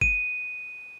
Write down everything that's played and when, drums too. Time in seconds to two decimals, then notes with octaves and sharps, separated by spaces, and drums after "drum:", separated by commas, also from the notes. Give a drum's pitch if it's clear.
0.01 D#7, drum: kick G1